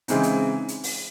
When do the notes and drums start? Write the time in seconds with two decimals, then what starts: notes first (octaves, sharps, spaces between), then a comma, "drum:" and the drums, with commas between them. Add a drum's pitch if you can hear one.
0.08 C#3 E3 G#3 C4 D#4, drum: hi-hat
0.23 drum: hi-hat
0.68 drum: hi-hat
0.83 drum: open hi-hat